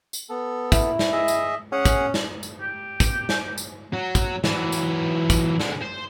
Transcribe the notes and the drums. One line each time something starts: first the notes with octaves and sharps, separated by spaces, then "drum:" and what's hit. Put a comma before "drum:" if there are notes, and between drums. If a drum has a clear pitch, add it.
drum: tambourine
B3 A4
E4, drum: kick, tambourine
drum: snare
G#4 D#5 E5
drum: tambourine
C#4 G#4 F#5
drum: kick, tambourine
drum: snare
drum: tambourine
G4
drum: kick, tambourine
drum: snare
drum: tambourine
F#3
drum: kick, tambourine
E3 F#3, drum: snare
drum: tambourine
drum: kick, tambourine
D3 G#3, drum: snare
C5